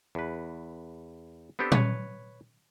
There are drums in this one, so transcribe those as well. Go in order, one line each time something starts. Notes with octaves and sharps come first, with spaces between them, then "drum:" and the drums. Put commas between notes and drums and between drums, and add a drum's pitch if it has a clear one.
E2 B4
B3 C4 D4 G4 A4
B4 C#5, drum: tom A#2